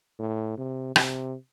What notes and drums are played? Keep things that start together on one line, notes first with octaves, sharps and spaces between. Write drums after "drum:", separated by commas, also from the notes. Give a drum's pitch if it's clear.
A2
C3
C3, drum: rim click